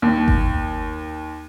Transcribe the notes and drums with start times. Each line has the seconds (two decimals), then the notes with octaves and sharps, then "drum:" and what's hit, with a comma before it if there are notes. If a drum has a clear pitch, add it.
0.02 D#2
0.28 drum: kick G1